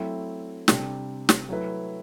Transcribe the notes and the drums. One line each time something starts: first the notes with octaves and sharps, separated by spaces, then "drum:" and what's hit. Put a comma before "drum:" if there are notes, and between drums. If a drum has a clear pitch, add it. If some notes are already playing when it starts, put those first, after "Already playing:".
Already playing: F#3 A3 C4 E4
C3 G3 D4 A4, drum: snare
drum: snare
F#3 A3 E4 B4